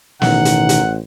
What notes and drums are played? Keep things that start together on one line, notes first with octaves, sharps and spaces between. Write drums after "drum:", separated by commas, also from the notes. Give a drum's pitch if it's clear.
A1 B2 D#3 D#4 F#5, drum: snare
drum: hi-hat
drum: hi-hat